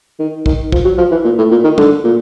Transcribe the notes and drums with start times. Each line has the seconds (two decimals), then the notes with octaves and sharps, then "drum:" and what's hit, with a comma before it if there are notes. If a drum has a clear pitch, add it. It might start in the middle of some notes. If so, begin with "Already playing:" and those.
0.20 D#3
0.46 D#3, drum: kick
0.72 F3, drum: kick
0.85 F#3
0.98 F3
1.11 E3
1.25 A#2
1.38 A2
1.51 A#2
1.64 D#3
1.78 D3, drum: tom
2.04 A#2